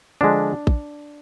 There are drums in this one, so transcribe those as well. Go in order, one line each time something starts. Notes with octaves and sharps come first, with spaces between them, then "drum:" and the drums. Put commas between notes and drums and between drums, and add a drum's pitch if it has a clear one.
D3 F3 G#3 D4
drum: kick